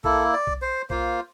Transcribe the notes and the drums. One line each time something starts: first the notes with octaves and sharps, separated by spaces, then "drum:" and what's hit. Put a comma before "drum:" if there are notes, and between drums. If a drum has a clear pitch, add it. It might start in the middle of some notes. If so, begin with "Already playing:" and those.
A#3 E4 A4, drum: kick B1
D5
drum: kick B1
C5
A#3 F4 C5, drum: kick B1